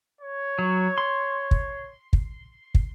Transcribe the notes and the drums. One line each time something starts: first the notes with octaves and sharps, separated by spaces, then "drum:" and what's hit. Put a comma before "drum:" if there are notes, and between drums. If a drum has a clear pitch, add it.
C#5
F#3
C6
drum: kick
drum: kick
drum: kick